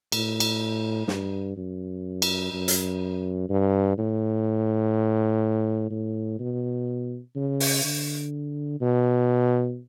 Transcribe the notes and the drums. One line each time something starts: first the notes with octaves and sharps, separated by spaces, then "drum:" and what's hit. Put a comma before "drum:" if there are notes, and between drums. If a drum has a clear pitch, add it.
A2, drum: cymbal
drum: cymbal
G2, drum: snare
F#2
drum: cymbal
F#2
drum: hi-hat
G2
A2
A2
B2
C#3
drum: open hi-hat
D3
B2